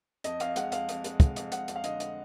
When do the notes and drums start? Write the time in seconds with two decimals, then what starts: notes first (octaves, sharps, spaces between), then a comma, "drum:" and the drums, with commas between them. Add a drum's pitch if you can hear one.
0.24 F2 D#5, drum: hi-hat
0.40 F2 F5, drum: hi-hat
0.56 G#3 F#5, drum: hi-hat
0.72 F2 F5, drum: hi-hat
0.89 F2, drum: hi-hat
1.04 G#3, drum: hi-hat
1.20 G#3, drum: kick, hi-hat
1.36 F2, drum: hi-hat
1.52 F2 F#5, drum: hi-hat
1.68 F2, drum: hi-hat
1.76 F5
1.84 D3 D#5, drum: hi-hat
2.00 drum: hi-hat